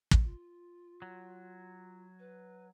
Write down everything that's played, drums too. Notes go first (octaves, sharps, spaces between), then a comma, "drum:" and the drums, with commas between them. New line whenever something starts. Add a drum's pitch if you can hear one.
drum: kick
F4
F#3
B4